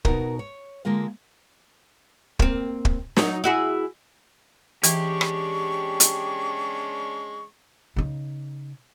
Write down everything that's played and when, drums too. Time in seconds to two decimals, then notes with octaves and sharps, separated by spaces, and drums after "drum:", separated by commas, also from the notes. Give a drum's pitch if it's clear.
0.05 B2 D#4 F#4 A#4, drum: kick
0.39 C#5
0.85 D3 G#3 A#3 F4 F5
2.39 A#3 C4, drum: kick
2.85 drum: kick
3.17 F#3 D#4, drum: snare
3.44 E4 F#4 G#4
4.83 E3 G#3 C#4 D4 G4 C#6, drum: hi-hat
5.21 drum: rim click
6.00 drum: hi-hat
7.96 C#3 D#4